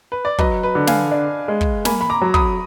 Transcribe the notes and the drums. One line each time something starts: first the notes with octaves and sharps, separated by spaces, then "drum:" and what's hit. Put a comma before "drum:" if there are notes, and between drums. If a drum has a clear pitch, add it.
B4
D5
F#3 B4 D#5, drum: kick
B4
D3
F5 G#5, drum: snare
D4
G#3
drum: kick
A#3 G#5 B5, drum: snare
B5
A#5 D6
F#3
B5 D#6, drum: kick